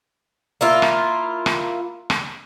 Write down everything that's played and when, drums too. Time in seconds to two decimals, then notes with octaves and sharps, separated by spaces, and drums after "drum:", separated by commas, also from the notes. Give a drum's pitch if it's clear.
0.61 A#3 E4 F4
0.82 drum: rim click
1.46 drum: rim click
2.10 drum: rim click